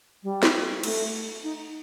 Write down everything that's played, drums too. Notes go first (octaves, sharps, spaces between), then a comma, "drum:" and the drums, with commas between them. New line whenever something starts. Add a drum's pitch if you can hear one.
G3
drum: snare
A3, drum: cymbal
D#4